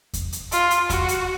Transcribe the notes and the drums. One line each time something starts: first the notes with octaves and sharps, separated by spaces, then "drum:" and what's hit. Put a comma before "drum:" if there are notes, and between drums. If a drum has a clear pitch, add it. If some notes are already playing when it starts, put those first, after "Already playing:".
drum: kick E2, hi-hat
drum: hi-hat
F4, drum: hi-hat
drum: hi-hat
F#4, drum: kick E2, hi-hat
drum: hi-hat